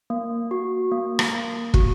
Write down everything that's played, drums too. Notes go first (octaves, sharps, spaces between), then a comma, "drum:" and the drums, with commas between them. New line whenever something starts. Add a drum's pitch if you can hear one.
A#3
F#4
A#3
drum: rim click
A#3
F#4, drum: kick